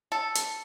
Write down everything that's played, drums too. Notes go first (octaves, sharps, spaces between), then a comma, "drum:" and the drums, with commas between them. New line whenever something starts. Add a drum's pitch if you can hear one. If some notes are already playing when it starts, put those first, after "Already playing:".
A4
drum: hi-hat